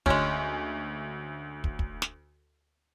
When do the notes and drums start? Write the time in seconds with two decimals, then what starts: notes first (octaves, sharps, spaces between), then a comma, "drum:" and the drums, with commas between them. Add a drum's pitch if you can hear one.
0.06 D2 G#3 C#4, drum: kick
1.64 drum: kick
1.79 drum: kick
2.02 drum: snare